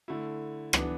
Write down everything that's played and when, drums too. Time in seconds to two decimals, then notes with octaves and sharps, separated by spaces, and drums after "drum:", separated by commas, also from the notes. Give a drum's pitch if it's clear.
0.08 D3 A3 E4
0.73 E3 B3 D4, drum: rim click